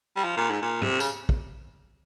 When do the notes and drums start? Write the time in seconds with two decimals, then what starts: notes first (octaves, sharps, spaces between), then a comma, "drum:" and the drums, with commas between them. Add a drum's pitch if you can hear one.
0.16 G3
0.24 F3
0.37 A#2
0.50 G#2
0.62 A#2
0.82 C3, drum: tom
1.00 C#3, drum: tambourine
1.29 drum: kick